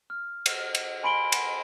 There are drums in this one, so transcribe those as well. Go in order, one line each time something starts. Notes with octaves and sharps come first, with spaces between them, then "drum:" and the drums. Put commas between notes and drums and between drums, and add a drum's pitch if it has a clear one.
F6
drum: cymbal
drum: cymbal
G#5 B5 C6 D7 F#7 G7
drum: cymbal